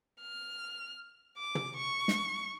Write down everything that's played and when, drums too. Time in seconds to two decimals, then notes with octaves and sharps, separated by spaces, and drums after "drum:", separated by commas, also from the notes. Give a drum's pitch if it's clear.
0.22 F6
1.38 D6
1.55 drum: tom
1.76 C#6
2.08 drum: snare